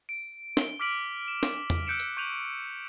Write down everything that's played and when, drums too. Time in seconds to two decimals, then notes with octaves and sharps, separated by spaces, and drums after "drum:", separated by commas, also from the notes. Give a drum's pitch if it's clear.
0.09 D7
0.57 G7, drum: snare
0.80 D6 F6 B6 D7 F#7
1.28 E7
1.43 drum: snare
1.70 drum: tom E2
1.87 E6 F#6 G6 C#7 D7 E7
2.00 drum: hi-hat
2.17 C#6 G6 D#7 F7 F#7